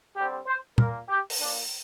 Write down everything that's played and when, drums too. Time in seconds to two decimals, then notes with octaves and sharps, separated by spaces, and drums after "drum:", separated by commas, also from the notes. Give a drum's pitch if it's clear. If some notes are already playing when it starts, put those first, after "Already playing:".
0.16 D3 G3 C4 G4
0.47 C5
0.78 A#2 A#3 A#4, drum: tom A#2
1.09 G4
1.30 drum: open hi-hat
1.40 A#2 A#3 D4